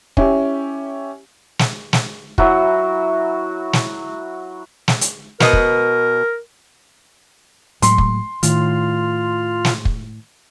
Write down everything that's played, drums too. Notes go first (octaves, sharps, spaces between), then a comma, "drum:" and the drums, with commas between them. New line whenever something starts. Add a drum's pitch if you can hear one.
C#4 E4 G4, drum: kick
drum: snare
drum: snare
F#3 E4 F#4, drum: kick
drum: snare
drum: snare
drum: hi-hat
B2 A#4 B4 D#5, drum: snare
drum: kick
A2 F#3 G#3 C6, drum: hi-hat
drum: kick
A2 D#3 F4, drum: hi-hat
drum: snare
drum: kick